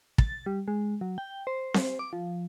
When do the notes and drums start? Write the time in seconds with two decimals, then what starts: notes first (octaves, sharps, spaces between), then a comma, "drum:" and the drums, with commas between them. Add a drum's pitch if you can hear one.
0.18 A6, drum: kick
0.46 G3
0.68 G#3
1.01 F#3
1.18 G5
1.47 C5
1.74 drum: snare C4
1.99 D6
2.13 F3